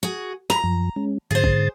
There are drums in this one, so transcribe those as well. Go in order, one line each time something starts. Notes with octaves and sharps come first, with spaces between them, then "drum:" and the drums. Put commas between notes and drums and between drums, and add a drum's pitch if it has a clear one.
F#4 G#4
A#5 B5, drum: snare
F#2 F3
G#3 C#4
G#2 D3 G#4 C5 A6
drum: kick